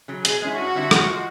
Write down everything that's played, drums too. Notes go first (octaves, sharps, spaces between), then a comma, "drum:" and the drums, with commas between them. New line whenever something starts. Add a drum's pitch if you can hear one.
C#3 F#3
B2 G#4, drum: hi-hat
G#3 C#4 E4
G2 F#4
D3 G3 C4 E4
A#2, drum: rim click
F3 G#3